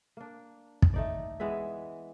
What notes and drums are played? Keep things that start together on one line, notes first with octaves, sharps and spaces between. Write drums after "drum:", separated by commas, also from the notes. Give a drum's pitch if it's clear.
A#3 D4
drum: kick
A3 D#4 D5
E3 G#3 B3 E5